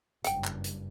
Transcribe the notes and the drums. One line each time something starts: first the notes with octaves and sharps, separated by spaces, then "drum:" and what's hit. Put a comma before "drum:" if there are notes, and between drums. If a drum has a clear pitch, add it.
F#1 G2 F#5 G5, drum: hi-hat
drum: clap
drum: hi-hat